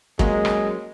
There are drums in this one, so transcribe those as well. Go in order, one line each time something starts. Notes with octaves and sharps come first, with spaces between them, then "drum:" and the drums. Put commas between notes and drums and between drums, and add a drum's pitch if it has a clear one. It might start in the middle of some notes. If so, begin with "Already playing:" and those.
F#3 G#3 A#3 C#4, drum: kick
drum: rim click